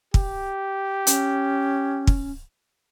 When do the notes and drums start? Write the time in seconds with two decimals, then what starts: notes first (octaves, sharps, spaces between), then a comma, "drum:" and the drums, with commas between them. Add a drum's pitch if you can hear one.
0.14 G4, drum: kick
1.07 C#4, drum: hi-hat
2.07 drum: kick